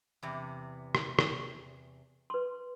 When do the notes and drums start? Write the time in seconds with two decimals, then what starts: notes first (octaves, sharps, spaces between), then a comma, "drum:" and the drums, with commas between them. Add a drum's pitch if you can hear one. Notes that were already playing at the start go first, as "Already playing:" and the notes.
0.23 E2 C3
0.95 drum: rim click
1.19 drum: rim click
2.30 B4 C6